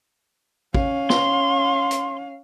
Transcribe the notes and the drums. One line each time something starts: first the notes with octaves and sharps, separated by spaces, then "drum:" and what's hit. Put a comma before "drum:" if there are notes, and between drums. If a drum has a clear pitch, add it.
C#4 F5, drum: kick
C6, drum: snare
drum: hi-hat